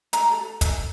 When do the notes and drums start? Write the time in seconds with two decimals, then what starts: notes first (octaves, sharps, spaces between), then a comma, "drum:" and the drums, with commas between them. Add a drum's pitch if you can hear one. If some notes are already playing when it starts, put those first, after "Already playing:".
0.13 A4 A#5, drum: hi-hat
0.27 A#5
0.31 A4
0.61 drum: kick, hi-hat